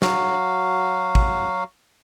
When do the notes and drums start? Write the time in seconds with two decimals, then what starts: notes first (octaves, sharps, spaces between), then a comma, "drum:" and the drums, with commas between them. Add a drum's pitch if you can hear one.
0.02 F#3 F#4 F5, drum: snare
1.15 drum: kick